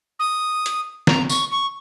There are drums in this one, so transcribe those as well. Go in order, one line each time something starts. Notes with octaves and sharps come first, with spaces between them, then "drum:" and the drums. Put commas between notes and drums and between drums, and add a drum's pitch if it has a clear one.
D#6
drum: hi-hat
A#5, drum: snare
C#6, drum: tambourine
C#6